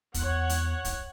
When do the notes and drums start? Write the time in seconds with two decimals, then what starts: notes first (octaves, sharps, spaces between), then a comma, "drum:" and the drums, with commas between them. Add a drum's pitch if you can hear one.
0.14 E2 C#5 F#5, drum: kick, hi-hat
0.49 drum: hi-hat
0.85 drum: kick, hi-hat